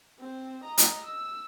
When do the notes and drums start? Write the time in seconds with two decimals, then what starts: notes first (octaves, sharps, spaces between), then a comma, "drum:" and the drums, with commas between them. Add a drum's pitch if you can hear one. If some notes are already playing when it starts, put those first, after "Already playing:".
0.18 C4 C5
0.63 D#5 A#5
0.78 drum: hi-hat
1.04 E6